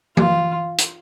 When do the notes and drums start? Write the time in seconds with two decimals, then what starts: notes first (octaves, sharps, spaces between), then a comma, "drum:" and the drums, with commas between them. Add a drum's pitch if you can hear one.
0.17 F4, drum: tom E3
0.78 drum: hi-hat